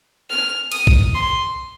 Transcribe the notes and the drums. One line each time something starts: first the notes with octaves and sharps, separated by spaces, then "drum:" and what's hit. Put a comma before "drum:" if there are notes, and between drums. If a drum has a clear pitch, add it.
F6
D#6, drum: cymbal
drum: kick A#1
C6